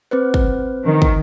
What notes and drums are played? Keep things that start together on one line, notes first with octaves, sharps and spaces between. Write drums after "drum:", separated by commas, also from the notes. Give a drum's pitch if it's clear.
C4 B4 C5
drum: kick
D#3
drum: kick